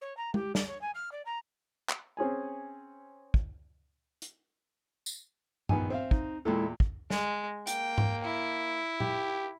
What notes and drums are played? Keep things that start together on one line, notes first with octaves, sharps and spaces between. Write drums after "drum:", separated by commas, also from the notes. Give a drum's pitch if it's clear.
C#5
A#5
G4, drum: tom G#3
D5, drum: snare
C#5
G#5
F6
D5
A#5
drum: clap
C4 C#4 G#4 G#5
drum: kick
drum: hi-hat
drum: tambourine
A#1 D#3 B3 G#5, drum: tom G2
C4 E5 F5
D#4, drum: kick
E2 A#2 G#3 E4 A4 G5
drum: kick
G#3, drum: snare
A#3 G5, drum: hi-hat
drum: tom G#2
E4
G4, drum: tom A#2